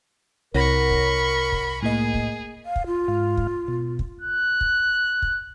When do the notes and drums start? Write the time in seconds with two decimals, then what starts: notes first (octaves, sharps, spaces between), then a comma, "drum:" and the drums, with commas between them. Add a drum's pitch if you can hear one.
0.54 C2 A#4 C#5 F#5 B5 C#6 A#6
0.91 drum: kick
1.52 drum: kick
1.82 A2 A#3 G#4 D#5
2.14 drum: kick
2.66 F5
2.76 drum: kick
2.87 F4
3.08 G#2 F5
3.37 drum: kick
3.68 B2
3.99 drum: kick
4.21 F#6
4.61 drum: kick
5.22 drum: kick